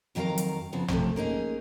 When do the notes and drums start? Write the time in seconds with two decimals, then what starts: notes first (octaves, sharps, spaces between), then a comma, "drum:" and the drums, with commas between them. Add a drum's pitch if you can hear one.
0.15 F2 D#3 F#3 A#4 F5 A#5
0.38 drum: hi-hat
0.72 C#3 F3 B3 C4
0.88 C3 F3 F#3 A3, drum: tom A1
1.16 A#3 C#4 D#4 G#4